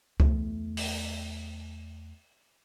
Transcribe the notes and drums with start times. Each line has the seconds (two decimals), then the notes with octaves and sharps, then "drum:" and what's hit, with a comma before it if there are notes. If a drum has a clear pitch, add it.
0.20 E2 A3, drum: kick C#2
0.77 drum: open hi-hat